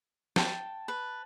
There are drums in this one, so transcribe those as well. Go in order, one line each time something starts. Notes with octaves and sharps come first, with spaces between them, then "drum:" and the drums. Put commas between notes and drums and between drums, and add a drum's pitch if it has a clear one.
G5 A5, drum: snare
B4